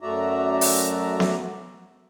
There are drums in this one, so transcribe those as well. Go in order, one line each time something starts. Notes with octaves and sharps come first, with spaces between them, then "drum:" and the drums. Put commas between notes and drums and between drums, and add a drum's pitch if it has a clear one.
F#2 A3 F#4 D5 E5 A#5
drum: open hi-hat
drum: snare B3